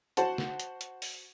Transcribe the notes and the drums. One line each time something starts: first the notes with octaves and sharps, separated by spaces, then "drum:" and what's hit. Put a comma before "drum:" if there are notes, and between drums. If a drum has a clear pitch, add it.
F#4 C5 F#5 A5, drum: hi-hat
drum: snare
drum: hi-hat
drum: hi-hat
drum: open hi-hat